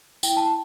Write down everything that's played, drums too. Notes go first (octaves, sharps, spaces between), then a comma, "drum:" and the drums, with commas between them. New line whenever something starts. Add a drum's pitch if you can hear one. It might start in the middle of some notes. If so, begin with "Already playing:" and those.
E4 G5, drum: tambourine
A5